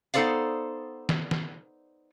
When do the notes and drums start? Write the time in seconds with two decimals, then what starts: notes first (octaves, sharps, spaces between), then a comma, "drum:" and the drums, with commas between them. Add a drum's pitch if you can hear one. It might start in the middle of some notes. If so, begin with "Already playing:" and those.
0.14 B3 D#4 A4 C5 D5 F5, drum: hi-hat
1.09 drum: snare
1.31 drum: snare